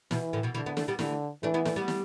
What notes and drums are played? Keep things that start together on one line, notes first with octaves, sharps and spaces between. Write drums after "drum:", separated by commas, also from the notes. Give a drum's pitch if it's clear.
B2 E3, drum: snare
A2 D3
B2 E3
B2 D3 E3
B3 E4
A3 D4, drum: snare
G3 B3
D3 E3 A3, drum: snare
E3 A3 D4
B3 E4
A3 D4, drum: snare
G3 B3
drum: snare